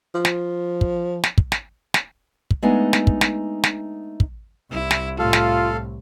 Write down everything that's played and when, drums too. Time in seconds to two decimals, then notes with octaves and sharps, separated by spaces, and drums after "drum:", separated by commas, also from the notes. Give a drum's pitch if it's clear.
0.15 F3
0.25 drum: snare
0.81 drum: kick
1.23 drum: snare
1.38 drum: kick
1.52 drum: snare
1.94 drum: snare
2.51 drum: kick
2.62 G#3 A3 B3 D4 D#4 G#5
2.93 drum: snare
3.07 drum: kick
3.21 drum: snare
3.63 drum: snare
4.20 drum: kick
4.71 C2 E4
4.91 drum: snare
5.19 A2 F4 A4 F5
5.33 drum: snare